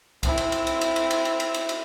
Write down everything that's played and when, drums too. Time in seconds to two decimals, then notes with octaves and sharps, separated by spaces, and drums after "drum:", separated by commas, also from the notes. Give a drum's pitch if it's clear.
0.23 C4 E4, drum: kick C2, cymbal
0.38 drum: cymbal
0.52 drum: cymbal
0.67 drum: cymbal
0.81 drum: cymbal
0.96 drum: cymbal
1.11 drum: cymbal
1.25 drum: cymbal
1.40 drum: cymbal
1.54 drum: cymbal
1.69 drum: cymbal